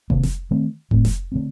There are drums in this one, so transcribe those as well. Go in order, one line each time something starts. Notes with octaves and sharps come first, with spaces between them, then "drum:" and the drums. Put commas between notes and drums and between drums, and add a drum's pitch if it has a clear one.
C3 D#3 A#3, drum: kick F1
drum: snare F1
D#3 A3 C4
A2 A3 C4, drum: kick F1
drum: snare F1
D3 A3 C4